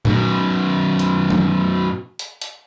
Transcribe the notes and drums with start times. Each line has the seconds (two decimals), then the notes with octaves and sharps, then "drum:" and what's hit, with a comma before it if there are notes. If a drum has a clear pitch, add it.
0.05 F#2 B2, drum: tom A#2
0.99 drum: hi-hat
1.30 drum: tom E3
2.19 drum: hi-hat
2.41 drum: hi-hat